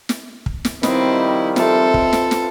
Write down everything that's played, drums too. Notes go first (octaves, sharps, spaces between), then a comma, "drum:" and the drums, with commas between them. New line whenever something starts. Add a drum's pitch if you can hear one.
drum: snare
drum: kick
drum: snare
D#3 F3 G3 C4 E4 B4 D#5, drum: snare
C4 F4 A4 E5, drum: snare
drum: kick
drum: snare
drum: snare